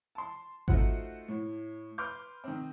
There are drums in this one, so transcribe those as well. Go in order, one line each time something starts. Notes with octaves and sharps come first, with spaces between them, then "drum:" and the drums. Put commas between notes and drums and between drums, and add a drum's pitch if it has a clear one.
A5 C6
A3 D#4 F4 F#4 C5 F#5, drum: kick G#1
A2
B4 C6 D6 F6 G6
D#3 C4